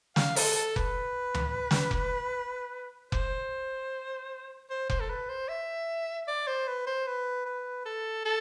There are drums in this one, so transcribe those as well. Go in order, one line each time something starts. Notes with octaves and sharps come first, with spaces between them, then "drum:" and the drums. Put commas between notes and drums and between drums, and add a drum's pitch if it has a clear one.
F5, drum: snare
A4, drum: open hi-hat
A4
B4, drum: kick F1
drum: tom D2
drum: snare
drum: kick F1
C5, drum: kick F1
C5
C5, drum: kick F1
A4
B4
C5
E5
D5
C5
B4
C5
B4
B4
A4
A4